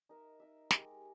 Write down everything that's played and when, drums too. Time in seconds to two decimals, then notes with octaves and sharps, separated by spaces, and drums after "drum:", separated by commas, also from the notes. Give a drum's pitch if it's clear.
0.09 D#4 A#4 E5
0.40 D#4 A#4 E5
0.71 G#3 D#4 G4 A#4, drum: snare